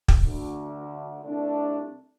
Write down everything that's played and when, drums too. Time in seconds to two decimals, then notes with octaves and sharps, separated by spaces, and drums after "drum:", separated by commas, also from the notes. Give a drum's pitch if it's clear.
0.08 drum: kick
0.23 D2
1.24 C2 C3 A3 D4